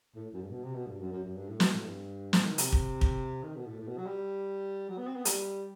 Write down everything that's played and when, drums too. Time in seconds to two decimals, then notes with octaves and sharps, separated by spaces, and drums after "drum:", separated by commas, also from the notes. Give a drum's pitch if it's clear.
0.15 A2
0.33 F#2
0.42 G2
0.51 B2
0.64 C3
0.75 B2
0.87 G2
1.00 F#2
1.12 F#2
1.23 F#2
1.36 G2
1.49 A2
1.60 B2, drum: snare
1.73 A2
1.85 G2
2.33 A2, drum: snare
2.46 D#3
2.58 C3, drum: hi-hat
2.72 drum: kick
3.01 drum: kick
3.43 D#3
3.56 B2
3.67 A2
3.80 A2
3.88 B2
3.98 F#3
4.06 G3
4.89 F#3
4.98 B3
5.07 C4
5.16 B3
5.25 G3, drum: hi-hat